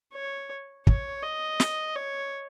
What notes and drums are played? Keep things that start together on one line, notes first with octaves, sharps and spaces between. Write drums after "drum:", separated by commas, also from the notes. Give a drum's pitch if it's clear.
C#5
C#5, drum: kick
D#5
drum: snare
C#5